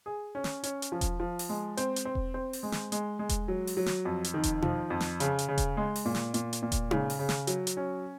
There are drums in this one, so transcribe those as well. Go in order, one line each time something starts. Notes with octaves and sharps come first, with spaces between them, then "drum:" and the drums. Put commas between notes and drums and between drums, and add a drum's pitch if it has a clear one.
G#4
C#4
drum: snare
C#4, drum: hi-hat
drum: hi-hat
F3
drum: kick E1, hi-hat
F3
drum: open hi-hat
G#3
C4, drum: hi-hat
drum: hi-hat
C4
drum: kick E1
C4
drum: open hi-hat
G#3
drum: snare
G#3, drum: hi-hat
G#3
drum: kick E1, hi-hat
F#3
drum: open hi-hat
F#3
drum: snare
F2
drum: hi-hat
D#3
drum: kick E1, hi-hat
F3, drum: tom B2
F2
drum: snare
C#3, drum: hi-hat
drum: hi-hat
C#3
drum: kick E1, hi-hat
G#3
drum: open hi-hat
A#2
drum: snare
A#2, drum: hi-hat
drum: hi-hat
A#2
drum: kick E1, hi-hat
C#3, drum: tom D#4
drum: open hi-hat
C#3
drum: snare
F#3, drum: hi-hat
drum: hi-hat
C#4